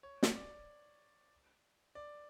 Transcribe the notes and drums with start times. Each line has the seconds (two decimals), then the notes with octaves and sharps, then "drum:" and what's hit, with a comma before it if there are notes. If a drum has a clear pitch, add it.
0.03 C#5
0.23 drum: snare
0.35 D5
1.95 D5